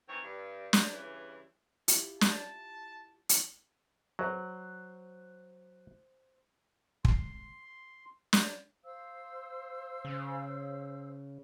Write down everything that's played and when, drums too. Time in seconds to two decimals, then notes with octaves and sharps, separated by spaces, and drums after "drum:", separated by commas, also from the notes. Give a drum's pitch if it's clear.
0.09 D#3 E3 C4 C#5
0.23 G2
0.73 drum: snare
0.93 G2 C#3 E3
1.88 E4 F4 G4, drum: hi-hat
2.21 A5, drum: snare
3.29 drum: hi-hat
4.19 F#3 C5 F#6
7.05 C6, drum: kick
8.33 drum: snare
8.84 C5 F5 E6
10.05 C#3